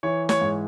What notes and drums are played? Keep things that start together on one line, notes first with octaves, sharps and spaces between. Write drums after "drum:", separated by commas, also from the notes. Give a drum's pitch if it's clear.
E3 C#5
C#5, drum: snare
G#2